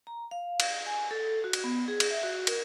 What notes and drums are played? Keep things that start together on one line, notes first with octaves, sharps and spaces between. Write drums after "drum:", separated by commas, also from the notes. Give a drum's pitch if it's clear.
A#5
F5
drum: cymbal
G#5
A4
F#4
drum: cymbal
B3
G#4
drum: cymbal
E5
F#4
A#4, drum: cymbal